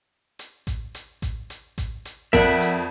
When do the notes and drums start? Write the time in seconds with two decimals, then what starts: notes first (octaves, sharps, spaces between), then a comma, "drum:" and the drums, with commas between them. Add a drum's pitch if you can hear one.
0.39 drum: hi-hat
0.67 drum: kick A1, hi-hat
0.95 drum: hi-hat
1.22 drum: kick A1, hi-hat
1.50 drum: hi-hat
1.78 drum: kick A1, hi-hat
2.05 drum: hi-hat
2.33 F2 A#4 D5 E5 F#5, drum: kick A1, hi-hat
2.61 drum: hi-hat